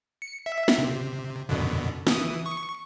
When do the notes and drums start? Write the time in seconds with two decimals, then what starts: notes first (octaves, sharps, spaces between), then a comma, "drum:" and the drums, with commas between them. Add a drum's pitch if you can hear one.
0.22 C#7
0.46 E5
0.68 drum: snare
0.78 C3
1.49 F#2 B2 D3
2.07 E3 D#6, drum: snare
2.46 C#6